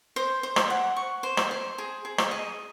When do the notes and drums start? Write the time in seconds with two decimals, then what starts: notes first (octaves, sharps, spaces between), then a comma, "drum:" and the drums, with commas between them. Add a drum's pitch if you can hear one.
0.16 C5
0.43 C5
0.56 drum: rim click
0.70 F#5
0.96 C#6
1.23 C5
1.37 drum: rim click
1.51 C5
1.78 G#4
2.05 G#4
2.18 drum: rim click
2.31 D#5